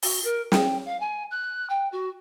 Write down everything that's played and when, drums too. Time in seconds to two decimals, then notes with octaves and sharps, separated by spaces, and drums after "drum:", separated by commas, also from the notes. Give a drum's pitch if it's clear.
0.02 F#4, drum: open hi-hat
0.24 A#4
0.52 G5, drum: snare
0.85 F5
1.00 G#5
1.30 F#6
1.69 G5
1.92 F#4